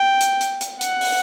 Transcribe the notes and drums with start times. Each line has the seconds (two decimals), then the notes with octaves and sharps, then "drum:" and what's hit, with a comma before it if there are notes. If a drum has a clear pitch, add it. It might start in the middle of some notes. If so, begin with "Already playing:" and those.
Already playing: G5
0.21 drum: hi-hat
0.41 drum: hi-hat
0.61 drum: hi-hat
0.81 F#5, drum: hi-hat
1.01 drum: open hi-hat